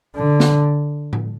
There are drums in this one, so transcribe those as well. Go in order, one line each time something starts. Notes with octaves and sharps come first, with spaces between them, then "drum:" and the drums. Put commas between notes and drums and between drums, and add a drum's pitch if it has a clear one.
D3
drum: snare
drum: tom A2